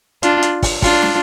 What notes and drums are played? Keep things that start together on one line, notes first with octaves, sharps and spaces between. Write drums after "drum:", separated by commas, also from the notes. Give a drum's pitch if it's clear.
D4 F4, drum: hi-hat
drum: hi-hat
drum: kick, open hi-hat
D4 F4, drum: kick, open hi-hat
drum: snare